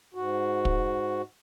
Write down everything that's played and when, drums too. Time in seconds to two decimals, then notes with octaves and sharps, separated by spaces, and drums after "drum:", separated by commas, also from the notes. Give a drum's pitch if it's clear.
0.14 G#2 F#4
0.65 drum: kick